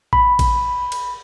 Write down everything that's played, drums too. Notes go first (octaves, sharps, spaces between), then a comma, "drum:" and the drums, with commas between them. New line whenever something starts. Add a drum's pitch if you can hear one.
B5, drum: kick A1
drum: kick A1, cymbal
drum: cymbal